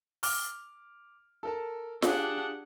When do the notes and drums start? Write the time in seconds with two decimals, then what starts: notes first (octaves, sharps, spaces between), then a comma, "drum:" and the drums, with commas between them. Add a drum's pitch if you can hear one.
0.23 D6 F6, drum: open hi-hat
1.43 A4 A#4 A5
2.02 D4 F4 G4 G#4 F#5, drum: snare F4